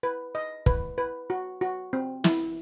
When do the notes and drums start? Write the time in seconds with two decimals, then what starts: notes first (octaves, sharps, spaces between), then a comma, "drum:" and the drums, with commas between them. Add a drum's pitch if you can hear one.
0.03 B4
0.35 D#5
0.66 B4, drum: kick
0.98 B4
1.30 F#4
1.61 F#4
1.93 C4
2.24 E4, drum: snare